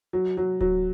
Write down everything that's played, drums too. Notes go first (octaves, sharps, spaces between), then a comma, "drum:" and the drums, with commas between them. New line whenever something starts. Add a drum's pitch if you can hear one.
F#3
F#3
F#3, drum: kick D1